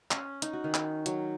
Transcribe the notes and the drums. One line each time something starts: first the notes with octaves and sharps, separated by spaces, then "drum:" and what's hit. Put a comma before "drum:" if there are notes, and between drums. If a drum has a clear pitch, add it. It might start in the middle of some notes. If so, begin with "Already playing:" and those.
C#4, drum: clap
D#4, drum: hi-hat
F#4
D#3
drum: clap
F#3, drum: hi-hat